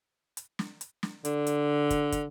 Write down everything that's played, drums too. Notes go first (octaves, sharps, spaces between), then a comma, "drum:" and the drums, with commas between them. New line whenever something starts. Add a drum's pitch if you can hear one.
drum: hi-hat
drum: snare
drum: hi-hat
drum: snare
D3, drum: hi-hat
drum: hi-hat
drum: kick, hi-hat
drum: kick, hi-hat